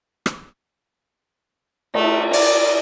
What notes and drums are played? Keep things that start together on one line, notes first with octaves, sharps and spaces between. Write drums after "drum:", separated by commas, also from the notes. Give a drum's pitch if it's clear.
drum: rim click
A3, drum: cymbal
D5, drum: open hi-hat